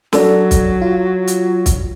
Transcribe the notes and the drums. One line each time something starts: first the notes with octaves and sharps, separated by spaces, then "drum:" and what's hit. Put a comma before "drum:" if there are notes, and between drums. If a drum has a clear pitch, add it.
F#3 D4 A4, drum: snare
drum: kick, hi-hat
F4
drum: hi-hat
drum: kick, hi-hat